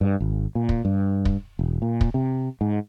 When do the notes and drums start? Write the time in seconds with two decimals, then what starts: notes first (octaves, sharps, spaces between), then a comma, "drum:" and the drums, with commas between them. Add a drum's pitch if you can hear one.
0.01 G2
0.20 G#1
0.55 A#2
0.69 drum: kick
0.85 G2
1.25 drum: kick
1.59 E1
1.82 A#2
2.01 drum: kick
2.14 C3
2.61 G#2